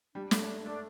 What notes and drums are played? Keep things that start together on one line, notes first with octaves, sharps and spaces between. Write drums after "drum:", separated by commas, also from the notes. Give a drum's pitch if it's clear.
G3 D4
A3, drum: snare
D4
D4
A3